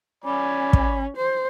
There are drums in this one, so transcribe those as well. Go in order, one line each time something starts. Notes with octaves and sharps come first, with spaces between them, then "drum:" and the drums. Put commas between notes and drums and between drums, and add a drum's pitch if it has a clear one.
C#4 D5 G#5 B5
drum: kick
C5